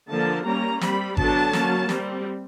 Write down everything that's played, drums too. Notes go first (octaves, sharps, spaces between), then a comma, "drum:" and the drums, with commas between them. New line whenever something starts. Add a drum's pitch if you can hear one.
D3 F3 A#3 A5
G3 A#3 C#4 A#5
G3 C4 B5, drum: snare
D3 F#3 B3 D4 A5, drum: kick G#1
F#3 A#3 C#4, drum: snare
G3 C4, drum: snare